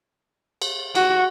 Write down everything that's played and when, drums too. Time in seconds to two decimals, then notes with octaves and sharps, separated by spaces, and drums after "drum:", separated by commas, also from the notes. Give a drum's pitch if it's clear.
0.62 drum: cymbal
0.95 F#4, drum: cymbal